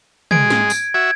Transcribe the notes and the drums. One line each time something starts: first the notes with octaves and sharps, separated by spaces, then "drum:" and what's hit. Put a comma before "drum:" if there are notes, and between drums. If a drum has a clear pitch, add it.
G#3 G#6 D7, drum: tom
drum: snare
drum: tambourine
F#4 E5 G#6